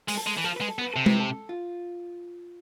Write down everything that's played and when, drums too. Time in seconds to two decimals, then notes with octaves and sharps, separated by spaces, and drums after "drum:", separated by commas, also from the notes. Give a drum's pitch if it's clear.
0.08 G#3, drum: open hi-hat
0.17 A4
0.26 G#3
0.37 E3
0.44 F3 A4
0.56 G#3 B4
0.69 A4
0.79 B3
0.81 B4
0.94 C3 A4
1.06 B4, drum: tom G#3
1.19 A4
1.49 F4